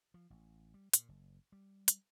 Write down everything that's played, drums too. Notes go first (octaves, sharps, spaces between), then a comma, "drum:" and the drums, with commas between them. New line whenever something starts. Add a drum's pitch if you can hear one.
F3
A1
G3
A#2, drum: hi-hat
F#1
G3
drum: hi-hat